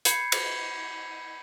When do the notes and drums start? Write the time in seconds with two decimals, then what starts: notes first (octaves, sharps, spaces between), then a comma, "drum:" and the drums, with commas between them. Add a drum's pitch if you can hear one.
0.05 B5 G6 G#6 C7 C#7, drum: hi-hat
0.32 drum: cymbal